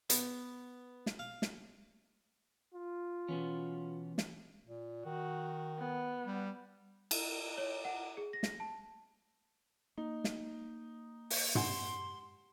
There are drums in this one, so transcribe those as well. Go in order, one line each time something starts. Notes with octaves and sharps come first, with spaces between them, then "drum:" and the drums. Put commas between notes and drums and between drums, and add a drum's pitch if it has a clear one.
B3, drum: hi-hat
drum: snare
F5
drum: snare
F4
B2 E3 B3 C#4
drum: snare
A#2
D#3 F#4
B3
G3
drum: cymbal
C#5
F#5
G#4
A#6
drum: snare
A5
A#3 D#4
drum: snare
drum: open hi-hat
G4 F#5 G#5 C6, drum: tom